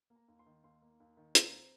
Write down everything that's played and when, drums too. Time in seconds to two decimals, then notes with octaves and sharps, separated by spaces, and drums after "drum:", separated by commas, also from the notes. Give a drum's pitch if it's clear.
0.10 A#3
0.16 A#5
0.28 D#2
0.39 C6
0.46 D#3
0.63 D#2 C6
0.82 A#3
1.00 D#2
1.17 D#3
1.35 D#2 A#5, drum: hi-hat
1.53 C4